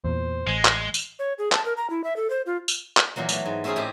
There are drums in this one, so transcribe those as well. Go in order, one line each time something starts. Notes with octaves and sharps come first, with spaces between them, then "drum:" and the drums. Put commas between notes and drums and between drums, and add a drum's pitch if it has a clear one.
E2 A#2 C5
A1 G#3
drum: clap
drum: tambourine
C#5
G#4
A5, drum: clap
A#4
A#5
E4
E5
A4
C5
F4
drum: tambourine
drum: clap
A#2 E3 F#3 A#3
A3 B3, drum: tambourine
G#2
A3 C4 C#4 E4 G#4 A#4
A2 C4 E4 G4 D#5 A#5